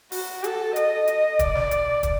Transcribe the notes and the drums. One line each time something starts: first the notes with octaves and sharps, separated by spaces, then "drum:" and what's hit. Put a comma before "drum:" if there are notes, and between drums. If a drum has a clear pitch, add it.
F#4, drum: open hi-hat
A4, drum: hi-hat
D#5, drum: hi-hat
drum: hi-hat
D5, drum: kick, hi-hat
drum: snare
drum: hi-hat
drum: kick, hi-hat